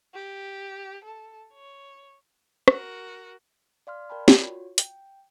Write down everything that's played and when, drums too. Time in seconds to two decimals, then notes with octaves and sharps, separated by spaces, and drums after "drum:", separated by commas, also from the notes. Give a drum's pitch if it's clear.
0.14 G4
1.04 A4
1.53 C#5
2.68 F#4 A#4, drum: rim click
3.87 D5 F5 C6 F6
4.10 A#4 D5 G5 A5 B5
4.28 F4 F#4 C#5, drum: snare
4.78 G5, drum: hi-hat